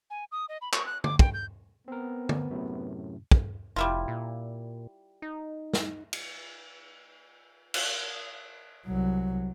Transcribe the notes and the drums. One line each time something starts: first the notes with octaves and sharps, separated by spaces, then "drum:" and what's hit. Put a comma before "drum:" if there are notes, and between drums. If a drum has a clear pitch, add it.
G#5
D#6
D#5
B5
C#6, drum: clap
F#6
D6, drum: tom
G5, drum: kick
G6
B3 C4 A#4
drum: tom
F#2 A2 C3
drum: kick
F1 G3 E4 F4
A#2
D#4
drum: snare
drum: cymbal
drum: cymbal
C2 F#3